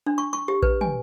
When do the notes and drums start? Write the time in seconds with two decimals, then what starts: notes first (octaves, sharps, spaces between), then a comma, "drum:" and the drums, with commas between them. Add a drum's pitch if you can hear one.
0.06 D4
0.18 C#6
0.33 C#6
0.48 G4
0.63 B4, drum: kick A1
0.81 G#5, drum: tom